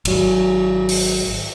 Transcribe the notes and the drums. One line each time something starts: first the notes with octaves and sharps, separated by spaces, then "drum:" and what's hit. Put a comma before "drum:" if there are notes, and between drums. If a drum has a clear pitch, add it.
G#1 F#3, drum: cymbal
drum: open hi-hat